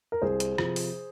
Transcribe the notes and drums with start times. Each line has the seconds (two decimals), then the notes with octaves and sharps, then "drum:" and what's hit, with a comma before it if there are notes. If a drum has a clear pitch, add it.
0.12 A#4
0.22 C2 G#4 C5
0.40 drum: hi-hat
0.58 C3 F3, drum: rim click
0.76 drum: open hi-hat